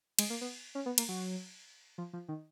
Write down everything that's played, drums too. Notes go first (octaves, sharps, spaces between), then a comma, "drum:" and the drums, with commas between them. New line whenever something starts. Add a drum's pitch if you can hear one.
G#3, drum: cymbal
A#3
B3
C#4
B3
A#3, drum: cymbal
F#3
F3
F3
D#3